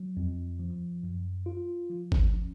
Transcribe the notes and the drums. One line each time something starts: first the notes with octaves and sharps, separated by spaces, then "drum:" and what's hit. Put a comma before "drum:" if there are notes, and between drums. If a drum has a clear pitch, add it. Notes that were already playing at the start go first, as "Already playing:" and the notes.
Already playing: F#3
F2
F3
F#2
F4
F3
drum: kick G1
C#4